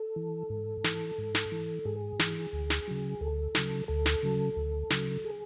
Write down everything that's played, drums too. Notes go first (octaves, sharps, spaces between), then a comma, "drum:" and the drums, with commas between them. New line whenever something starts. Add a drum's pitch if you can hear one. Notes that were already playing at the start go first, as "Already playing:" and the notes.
Already playing: A4
E3
G#2
E3, drum: snare
G#2
drum: snare
E3
G#2 G#4
E3, drum: snare
D2
drum: snare
C#3 F#3
D2 A4
C#3 F#3, drum: snare
D2 A4
drum: snare
C#3 F#3
D2
C#3 F#3, drum: snare
G#4